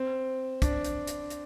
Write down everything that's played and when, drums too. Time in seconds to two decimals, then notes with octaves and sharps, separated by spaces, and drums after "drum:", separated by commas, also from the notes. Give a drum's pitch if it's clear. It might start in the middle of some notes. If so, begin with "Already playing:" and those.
Already playing: C4
0.62 D4, drum: kick, hi-hat
0.84 drum: hi-hat
1.07 drum: hi-hat
1.30 drum: hi-hat